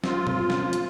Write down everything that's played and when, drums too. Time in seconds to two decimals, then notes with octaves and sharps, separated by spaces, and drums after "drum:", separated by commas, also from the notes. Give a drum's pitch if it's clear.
0.04 C4 F4, drum: snare
0.27 drum: tom
0.50 drum: snare
0.73 drum: hi-hat